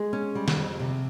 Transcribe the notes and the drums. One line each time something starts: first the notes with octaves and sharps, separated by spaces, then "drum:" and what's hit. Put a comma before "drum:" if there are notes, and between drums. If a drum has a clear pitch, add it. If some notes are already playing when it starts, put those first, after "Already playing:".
Already playing: G#3 G#4
C#4
G3
drum: snare
F2
C3